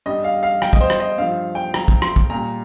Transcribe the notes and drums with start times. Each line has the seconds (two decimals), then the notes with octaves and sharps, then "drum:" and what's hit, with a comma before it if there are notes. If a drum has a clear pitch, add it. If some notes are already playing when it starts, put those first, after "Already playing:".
0.06 G2 G3 D#5
0.24 F5
0.43 F5
0.62 G5, drum: rim click
0.73 D#5, drum: kick
0.80 C5
0.90 drum: rim click
1.00 D#5
1.18 G2 F3 F5
1.55 G5
1.74 A#5, drum: rim click
1.88 drum: kick
2.02 C6, drum: rim click
2.16 drum: kick
2.30 A#2 G3 A#5